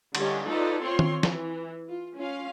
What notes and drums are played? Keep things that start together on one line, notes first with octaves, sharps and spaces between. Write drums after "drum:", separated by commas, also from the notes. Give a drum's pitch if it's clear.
D3 G3 C#4 G4 D#5, drum: cymbal
D#4 F4 A4 B4 D5
C4 F4 C#5 C6
drum: tom D#3
E3, drum: snare
F4
C#4 F4 F5